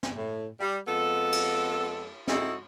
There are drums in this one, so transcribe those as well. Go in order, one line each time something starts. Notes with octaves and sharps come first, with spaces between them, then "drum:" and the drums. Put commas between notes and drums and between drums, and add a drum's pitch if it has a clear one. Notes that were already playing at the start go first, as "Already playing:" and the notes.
drum: snare
A2
G3
F2 G#3 B3 A4
drum: cymbal
C4 D#4 E4 F#4 A4, drum: snare